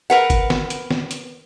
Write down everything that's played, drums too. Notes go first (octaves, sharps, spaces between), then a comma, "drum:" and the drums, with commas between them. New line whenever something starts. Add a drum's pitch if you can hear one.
A#4 B4 F#5
drum: kick G1, hi-hat
drum: snare
drum: hi-hat
drum: snare
drum: hi-hat